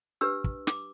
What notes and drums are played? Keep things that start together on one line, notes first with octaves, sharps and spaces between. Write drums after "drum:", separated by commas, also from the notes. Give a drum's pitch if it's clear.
D4 G4 B4 E6
drum: kick
D6, drum: snare